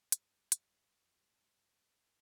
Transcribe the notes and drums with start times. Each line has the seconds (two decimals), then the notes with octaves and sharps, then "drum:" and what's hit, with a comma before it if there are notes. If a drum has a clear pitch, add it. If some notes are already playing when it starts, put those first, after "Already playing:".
0.12 G#2, drum: hi-hat
0.20 G2
0.52 drum: hi-hat
1.04 F2
1.17 G2
1.30 G#2
1.57 G#2